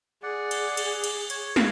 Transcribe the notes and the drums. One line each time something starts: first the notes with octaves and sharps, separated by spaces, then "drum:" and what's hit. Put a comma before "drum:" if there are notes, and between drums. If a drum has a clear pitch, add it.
G#4 D5 F#5
drum: cymbal
drum: cymbal
drum: cymbal
C#5, drum: cymbal
drum: snare